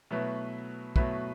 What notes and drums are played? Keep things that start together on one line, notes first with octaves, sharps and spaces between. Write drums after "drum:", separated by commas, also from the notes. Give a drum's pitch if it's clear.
B2 F#3 A3 E4 B4
B2 F#3 A3 E4 B4, drum: kick